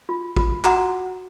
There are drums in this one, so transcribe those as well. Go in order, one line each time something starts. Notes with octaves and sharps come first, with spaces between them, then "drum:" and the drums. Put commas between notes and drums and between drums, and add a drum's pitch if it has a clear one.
F4
F4, drum: kick
F#4 F#5 A#5, drum: clap